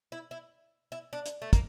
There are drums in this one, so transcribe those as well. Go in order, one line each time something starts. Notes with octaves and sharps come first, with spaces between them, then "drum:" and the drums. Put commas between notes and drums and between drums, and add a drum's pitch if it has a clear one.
E4
E4
E4
D4
drum: hi-hat
A3
A#3, drum: kick, hi-hat